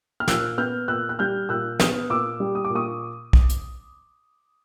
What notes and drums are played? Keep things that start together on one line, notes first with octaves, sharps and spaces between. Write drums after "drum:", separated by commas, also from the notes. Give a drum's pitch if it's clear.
F6
A#2 E6 F#6, drum: snare
B3 F6 G6
A#2 E6 F#6
F#6
G3 F6 G6
A#2 E6 F#6
B3 D#6 F6, drum: snare
A#2 D6 E6
G3
D#6
D6
A#2
C#6 D#6
drum: kick B1
drum: hi-hat